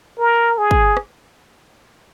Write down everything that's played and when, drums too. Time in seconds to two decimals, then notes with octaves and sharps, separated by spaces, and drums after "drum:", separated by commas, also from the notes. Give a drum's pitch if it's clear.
0.19 A#4
0.58 G#4
0.71 drum: kick
0.97 drum: rim click